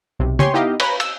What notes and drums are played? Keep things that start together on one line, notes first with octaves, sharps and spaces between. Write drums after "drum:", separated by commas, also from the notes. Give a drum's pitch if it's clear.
B1 C3
G4 C#5 G#5 C6 C#6, drum: tom
B3 D#4 E4 G4 D#5 F5
B4 C#5 A#5 B5, drum: cymbal
E6, drum: cymbal